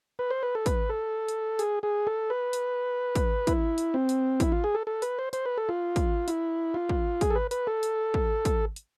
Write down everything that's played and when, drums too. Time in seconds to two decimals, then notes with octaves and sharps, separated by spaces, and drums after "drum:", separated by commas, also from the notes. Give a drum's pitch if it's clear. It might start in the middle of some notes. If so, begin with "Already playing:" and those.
0.19 B4
0.31 C5
0.43 B4
0.55 A4
0.66 B4, drum: kick, hi-hat
0.89 A4
1.28 drum: hi-hat
1.59 G#4, drum: hi-hat
1.83 G#4
2.07 A4
2.30 B4
2.53 drum: hi-hat
3.15 drum: kick, hi-hat
3.47 E4, drum: kick, hi-hat
3.78 drum: hi-hat
3.94 C4
4.09 drum: hi-hat
4.40 E4, drum: kick, hi-hat
4.52 F4
4.64 G#4
4.75 A4
4.87 A4
5.02 B4, drum: hi-hat
5.19 C5
5.33 C5, drum: hi-hat
5.46 B4
5.58 A4
5.69 F4
5.96 drum: kick, hi-hat
6.28 E4, drum: hi-hat
6.74 F4
6.89 drum: kick
7.21 G#4, drum: kick, hi-hat
7.30 A4
7.36 B4
7.51 B4, drum: hi-hat
7.67 A4
7.83 drum: hi-hat
8.14 drum: kick
8.45 drum: kick, hi-hat
8.76 drum: hi-hat